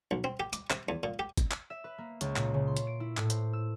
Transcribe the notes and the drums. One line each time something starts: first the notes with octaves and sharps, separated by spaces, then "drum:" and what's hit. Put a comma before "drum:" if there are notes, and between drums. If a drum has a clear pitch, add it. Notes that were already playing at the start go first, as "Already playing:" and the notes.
B1
C4
G4
D6, drum: hi-hat
C3, drum: clap
E2
A#2
G4
drum: kick, hi-hat
drum: clap
E5
B4
A#3
C#2, drum: hi-hat
A#2, drum: clap
C#3
C6
drum: hi-hat
D7
E4
A2, drum: clap
C5, drum: hi-hat
E6